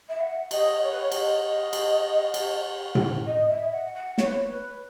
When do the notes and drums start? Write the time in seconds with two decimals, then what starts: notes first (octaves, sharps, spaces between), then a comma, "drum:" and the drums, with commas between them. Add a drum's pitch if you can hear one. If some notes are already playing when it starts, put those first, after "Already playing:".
0.08 E5
0.20 F#5
0.51 D#5, drum: cymbal
0.82 C#5
0.90 B4
0.98 C#5
1.12 D#5, drum: cymbal
1.73 drum: cymbal
2.34 drum: cymbal
2.95 drum: tom A2
3.26 D#5
3.48 E5
3.71 F#5
3.94 F#5
4.18 C#5, drum: snare
4.25 B4
4.32 C#5
4.48 B4